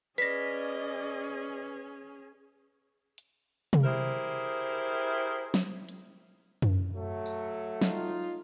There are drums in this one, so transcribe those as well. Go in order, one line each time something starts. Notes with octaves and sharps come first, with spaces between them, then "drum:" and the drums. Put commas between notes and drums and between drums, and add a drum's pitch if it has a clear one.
C#4 G#4 B4 D5 D#5 A#6 B6, drum: hi-hat
drum: hi-hat
drum: tom C3
E4 G4 G#4 A#4 C5
drum: snare
drum: hi-hat
drum: tom F#2
F#3 A3
drum: tambourine
D#4 F4, drum: snare